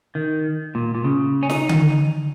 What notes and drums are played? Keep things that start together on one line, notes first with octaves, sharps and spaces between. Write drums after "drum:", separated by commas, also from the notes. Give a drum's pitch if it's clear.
D#3
A#2
A#2
C#3
C#4
D#4, drum: snare
drum: tom D3